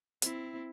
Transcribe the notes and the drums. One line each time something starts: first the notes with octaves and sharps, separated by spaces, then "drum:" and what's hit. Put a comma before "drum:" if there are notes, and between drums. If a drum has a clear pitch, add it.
C4 E4, drum: hi-hat